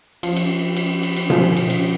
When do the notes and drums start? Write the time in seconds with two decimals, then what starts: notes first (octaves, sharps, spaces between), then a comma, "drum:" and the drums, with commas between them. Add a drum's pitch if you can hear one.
0.23 F3, drum: cymbal
0.37 drum: cymbal
0.77 drum: cymbal
1.03 drum: cymbal
1.17 drum: cymbal
1.30 F3, drum: tom B2
1.57 drum: cymbal
1.70 drum: cymbal